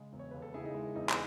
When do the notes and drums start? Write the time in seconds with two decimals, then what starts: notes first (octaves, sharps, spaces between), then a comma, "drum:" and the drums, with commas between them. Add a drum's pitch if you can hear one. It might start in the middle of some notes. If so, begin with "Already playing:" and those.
Already playing: C#3 G#3
0.13 E1
0.19 C#5
0.31 D#2 B4
0.42 A4
0.54 C#3 E4 G#4
0.65 D#4
0.74 G#3 E4
0.96 E1 D#4
1.09 drum: clap